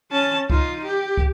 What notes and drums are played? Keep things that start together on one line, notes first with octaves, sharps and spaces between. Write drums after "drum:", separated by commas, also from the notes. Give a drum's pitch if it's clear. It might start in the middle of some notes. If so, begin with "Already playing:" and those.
C#4 A5
D#4 F4, drum: kick
G4
drum: kick